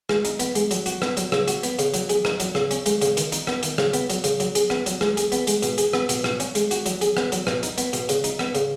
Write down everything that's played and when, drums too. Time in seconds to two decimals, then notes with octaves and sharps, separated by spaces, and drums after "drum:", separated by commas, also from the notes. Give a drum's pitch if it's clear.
0.09 G#3, drum: rim click
0.25 D#4, drum: hi-hat
0.40 B3, drum: hi-hat
0.55 G#3, drum: hi-hat
0.71 F#3, drum: hi-hat
0.86 F#4, drum: hi-hat
1.02 B3, drum: rim click
1.17 F#3, drum: hi-hat
1.32 C#3, drum: rim click
1.48 F#4, drum: hi-hat
1.63 B3, drum: hi-hat
1.79 C#3, drum: hi-hat
1.94 F#3, drum: hi-hat
2.09 G#4, drum: hi-hat
2.25 D#4, drum: rim click
2.40 F#3, drum: hi-hat
2.55 C#3, drum: rim click
2.71 C#4, drum: hi-hat
2.86 G#3, drum: hi-hat
3.02 C#3, drum: hi-hat
3.17 D#3, drum: hi-hat
3.32 D#4, drum: hi-hat
3.47 B3, drum: rim click
3.63 D#3, drum: hi-hat
3.78 C#3, drum: rim click
3.93 B3, drum: hi-hat
4.10 F#3, drum: hi-hat
4.24 C#3, drum: hi-hat
4.40 F#3, drum: hi-hat
4.55 G#4, drum: hi-hat
4.70 B3, drum: rim click
4.86 F#3, drum: hi-hat
5.01 G#3, drum: rim click
5.17 G#4, drum: hi-hat
5.32 B3, drum: hi-hat
5.47 G#3, drum: hi-hat
5.63 B2, drum: hi-hat
5.78 G#4, drum: hi-hat
5.93 B3, drum: rim click
6.09 B2, drum: hi-hat
6.24 B2, drum: rim click
6.40 C#4, drum: hi-hat
6.55 G#3, drum: hi-hat
6.71 F#4, drum: hi-hat
6.86 F#3, drum: hi-hat
7.01 G#4, drum: hi-hat
7.17 B3, drum: rim click
7.32 F#3, drum: hi-hat
7.47 B2, drum: rim click
7.63 D#4, drum: hi-hat
7.78 B3, drum: hi-hat
7.93 B2, drum: hi-hat
8.09 C#3, drum: hi-hat
8.24 D#4, drum: hi-hat
8.39 B3, drum: rim click
8.55 C#3, drum: hi-hat